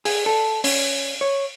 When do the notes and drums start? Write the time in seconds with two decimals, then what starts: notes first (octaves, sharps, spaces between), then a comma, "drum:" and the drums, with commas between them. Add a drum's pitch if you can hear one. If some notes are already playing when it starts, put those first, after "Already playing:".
0.05 G#4, drum: open hi-hat
0.26 A4
0.64 C#4, drum: open hi-hat
1.21 C#5